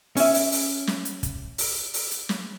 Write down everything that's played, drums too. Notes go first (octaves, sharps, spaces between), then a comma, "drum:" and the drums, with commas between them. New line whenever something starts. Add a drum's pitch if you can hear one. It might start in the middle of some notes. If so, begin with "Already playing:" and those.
C#4 E5, drum: open hi-hat
drum: open hi-hat
drum: open hi-hat
drum: snare
drum: hi-hat
drum: kick, hi-hat
drum: open hi-hat
drum: open hi-hat
drum: hi-hat
drum: snare